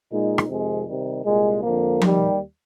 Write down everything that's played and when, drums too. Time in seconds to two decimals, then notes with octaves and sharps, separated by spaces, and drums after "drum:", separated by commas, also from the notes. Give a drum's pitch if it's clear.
0.10 A#2 G#3 D#4
0.38 drum: rim click
0.48 F2 C3 D#3 G#3
0.87 C3 D#3 G3
1.25 C2 A#2 G#3
1.63 F2 D3 F3 A#3
2.02 D#2 D#3 G3, drum: tom F3